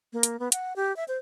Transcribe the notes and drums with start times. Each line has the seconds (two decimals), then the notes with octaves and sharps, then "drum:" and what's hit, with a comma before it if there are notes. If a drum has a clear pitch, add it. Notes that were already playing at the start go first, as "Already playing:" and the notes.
0.13 A#3
0.23 drum: hi-hat
0.39 B3
0.52 F#5, drum: hi-hat
0.76 G4
0.96 E5
1.08 C5